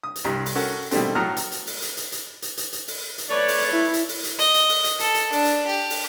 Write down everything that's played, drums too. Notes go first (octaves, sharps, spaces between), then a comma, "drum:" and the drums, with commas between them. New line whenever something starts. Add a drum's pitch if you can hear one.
D#6
drum: hi-hat
C2 G2 G3
drum: open hi-hat
C#4 F#4 A4 A#4
B2 D#3 G3 A3 C4, drum: hi-hat
A2 F#3 A4 A#5 D#6 F6
drum: hi-hat
drum: hi-hat
drum: open hi-hat
drum: hi-hat
drum: hi-hat
drum: hi-hat
drum: hi-hat
drum: hi-hat
drum: hi-hat
drum: open hi-hat
drum: hi-hat
A3 B4 C#5 D5
drum: open hi-hat
E4
drum: hi-hat
drum: open hi-hat
drum: hi-hat
D#5, drum: hi-hat
drum: hi-hat
drum: open hi-hat
drum: hi-hat
A4, drum: hi-hat
drum: hi-hat
D4, drum: open hi-hat
drum: hi-hat
G4
drum: open hi-hat